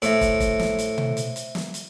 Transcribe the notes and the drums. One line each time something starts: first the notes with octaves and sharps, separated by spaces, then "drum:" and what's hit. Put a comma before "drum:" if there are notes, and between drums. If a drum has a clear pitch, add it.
A2 C5 E5, drum: hi-hat
drum: kick, hi-hat
drum: kick, hi-hat
drum: snare
drum: hi-hat
drum: tom B2
drum: hi-hat
drum: hi-hat
drum: snare
drum: hi-hat